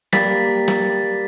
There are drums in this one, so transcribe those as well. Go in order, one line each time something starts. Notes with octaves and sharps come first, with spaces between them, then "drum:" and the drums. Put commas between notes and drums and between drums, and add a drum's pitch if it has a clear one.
G3 A#3 A6 B6, drum: snare
drum: snare